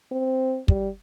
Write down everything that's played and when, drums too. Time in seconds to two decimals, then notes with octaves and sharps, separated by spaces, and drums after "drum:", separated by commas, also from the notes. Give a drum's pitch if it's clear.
0.12 C4
0.68 G3, drum: kick